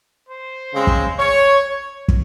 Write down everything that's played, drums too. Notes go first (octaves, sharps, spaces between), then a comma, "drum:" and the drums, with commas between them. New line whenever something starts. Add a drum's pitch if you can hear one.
C5
C#3 G#3 C4
drum: kick
C#5
drum: kick